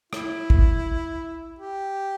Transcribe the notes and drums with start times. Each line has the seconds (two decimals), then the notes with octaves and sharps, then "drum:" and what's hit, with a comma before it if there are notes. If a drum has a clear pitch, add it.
0.13 E4, drum: rim click
0.50 drum: kick
1.59 G4